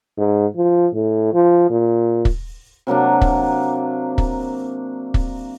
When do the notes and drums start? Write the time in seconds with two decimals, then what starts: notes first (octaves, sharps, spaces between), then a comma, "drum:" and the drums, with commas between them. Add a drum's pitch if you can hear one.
0.18 G#2
0.56 F3
0.94 A2
1.34 F3
1.70 A#2
2.25 drum: kick
2.87 C3 F#3 A#3 D4
3.21 drum: kick
4.18 drum: kick
5.14 drum: kick